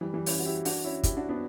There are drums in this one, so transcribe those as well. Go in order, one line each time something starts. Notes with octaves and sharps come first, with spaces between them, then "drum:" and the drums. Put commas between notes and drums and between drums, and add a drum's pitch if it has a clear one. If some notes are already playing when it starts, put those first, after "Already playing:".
E3 G3
E3 G3
C#4 E4, drum: open hi-hat
F#4
E4 G4
D4 F#4, drum: open hi-hat
C#4 E4
E4 G4, drum: kick, hi-hat
D4 F#4
B3 D4